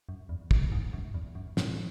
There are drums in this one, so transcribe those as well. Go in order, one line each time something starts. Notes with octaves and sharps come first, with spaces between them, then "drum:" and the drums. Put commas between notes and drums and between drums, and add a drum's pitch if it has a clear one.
F#2
E2
F#2, drum: kick
G#2
F#2
E2
F#2
A2, drum: snare